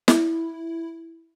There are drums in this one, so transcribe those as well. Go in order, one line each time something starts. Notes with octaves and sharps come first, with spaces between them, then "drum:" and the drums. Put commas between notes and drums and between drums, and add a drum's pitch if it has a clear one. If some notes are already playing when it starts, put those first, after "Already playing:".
E4, drum: snare